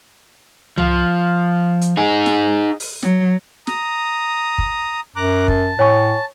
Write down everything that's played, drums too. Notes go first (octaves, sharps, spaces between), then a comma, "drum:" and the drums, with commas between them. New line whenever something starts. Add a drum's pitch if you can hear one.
F3, drum: tom
drum: hi-hat
D#4 G#4
drum: snare
drum: open hi-hat
F#3, drum: snare
A#5 D#6, drum: snare
drum: kick
F#2 A#5 D6 F#6
A5, drum: kick
A2 C#5 G#5 C#6